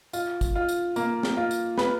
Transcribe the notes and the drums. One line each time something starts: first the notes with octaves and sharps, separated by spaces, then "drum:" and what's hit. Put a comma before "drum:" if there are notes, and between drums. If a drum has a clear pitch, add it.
F4, drum: tambourine
drum: kick, tambourine
F4
drum: tambourine
A#3, drum: tambourine
drum: snare
F4
drum: tambourine
B4, drum: snare